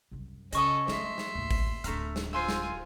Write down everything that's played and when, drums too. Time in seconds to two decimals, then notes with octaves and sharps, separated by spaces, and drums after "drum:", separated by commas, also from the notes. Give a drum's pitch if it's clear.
0.11 C2 F#2
0.53 C#3 C#4 A4 D#5 C#6 D#6, drum: hi-hat
0.88 A3 E5 C6, drum: snare
1.18 drum: snare
1.35 D#2 A2
1.51 drum: kick A1, open hi-hat
1.84 D1 A3 D4 A#5 F6, drum: hi-hat
2.16 drum: snare
2.33 F4 C5 G#5 C6 E6
2.48 drum: snare